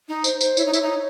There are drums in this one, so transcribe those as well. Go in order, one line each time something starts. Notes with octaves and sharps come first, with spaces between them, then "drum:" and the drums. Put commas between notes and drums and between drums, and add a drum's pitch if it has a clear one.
D#4
C5, drum: tambourine
C5, drum: tambourine
E4 C#5, drum: tambourine
D#4
E4, drum: tambourine
D#4